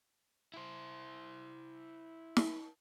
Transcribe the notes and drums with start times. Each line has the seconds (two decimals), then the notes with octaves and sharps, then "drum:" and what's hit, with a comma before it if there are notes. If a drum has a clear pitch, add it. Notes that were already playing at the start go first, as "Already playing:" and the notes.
0.54 E4 C5
2.37 drum: snare